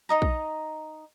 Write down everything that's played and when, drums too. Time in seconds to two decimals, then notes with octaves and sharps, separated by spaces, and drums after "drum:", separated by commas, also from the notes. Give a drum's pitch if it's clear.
0.09 D#4 D#5 A#5
0.22 drum: kick A#1